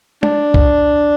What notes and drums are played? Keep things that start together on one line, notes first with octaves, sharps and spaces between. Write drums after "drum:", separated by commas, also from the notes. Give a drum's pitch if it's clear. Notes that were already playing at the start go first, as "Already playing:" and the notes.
D4, drum: tom
drum: kick C2